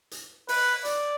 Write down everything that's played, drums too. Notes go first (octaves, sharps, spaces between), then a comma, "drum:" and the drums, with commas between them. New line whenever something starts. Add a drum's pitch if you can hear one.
drum: hi-hat
B4, drum: open hi-hat
D5, drum: hi-hat